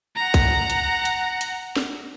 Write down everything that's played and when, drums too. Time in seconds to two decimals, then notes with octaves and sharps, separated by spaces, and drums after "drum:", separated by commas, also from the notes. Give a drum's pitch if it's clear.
0.16 F#5 A#5
0.34 drum: kick, hi-hat
0.70 drum: hi-hat
1.05 drum: hi-hat
1.41 drum: hi-hat
1.76 drum: snare